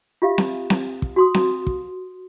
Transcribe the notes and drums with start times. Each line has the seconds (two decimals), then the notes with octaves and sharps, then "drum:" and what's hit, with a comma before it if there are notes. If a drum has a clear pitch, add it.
0.22 F4 G4 E5 F5
0.38 drum: snare C4
0.70 drum: snare C4
1.02 drum: kick
1.16 F#4 C6 D#6
1.34 drum: snare C4
1.67 drum: kick